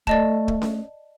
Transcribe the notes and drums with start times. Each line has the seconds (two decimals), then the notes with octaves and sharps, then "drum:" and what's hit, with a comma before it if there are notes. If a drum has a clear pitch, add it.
0.07 A3 D5 D#5 A5, drum: kick
0.48 drum: kick
0.62 drum: snare C#4